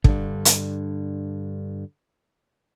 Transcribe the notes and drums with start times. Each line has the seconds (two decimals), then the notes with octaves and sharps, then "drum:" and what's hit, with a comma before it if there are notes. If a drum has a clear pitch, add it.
0.04 G2 D3, drum: kick
0.45 drum: hi-hat